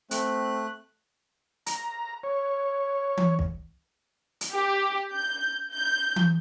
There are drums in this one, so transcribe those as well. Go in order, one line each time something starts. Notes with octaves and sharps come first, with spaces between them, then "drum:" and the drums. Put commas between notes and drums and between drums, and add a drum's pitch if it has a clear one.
A3 C4 F#6, drum: hi-hat
A#5, drum: hi-hat
C#5
drum: tom E3
drum: kick
drum: hi-hat
G4
G6
G6
drum: tom E3